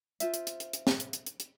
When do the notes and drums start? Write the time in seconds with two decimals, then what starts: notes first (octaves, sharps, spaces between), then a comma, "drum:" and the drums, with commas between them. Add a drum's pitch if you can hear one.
0.20 F4 C5 E5, drum: hi-hat
0.34 drum: hi-hat
0.47 drum: hi-hat
0.60 drum: hi-hat
0.73 drum: hi-hat
0.87 drum: snare
1.00 drum: hi-hat
1.13 drum: hi-hat
1.26 drum: hi-hat
1.40 drum: hi-hat